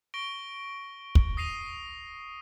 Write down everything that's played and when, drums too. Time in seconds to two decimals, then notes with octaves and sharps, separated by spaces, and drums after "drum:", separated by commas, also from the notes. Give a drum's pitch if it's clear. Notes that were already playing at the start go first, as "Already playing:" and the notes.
0.14 C#6 A#6 D7 G7
1.15 drum: kick
1.37 D#6 A#6 C7 D#7 F7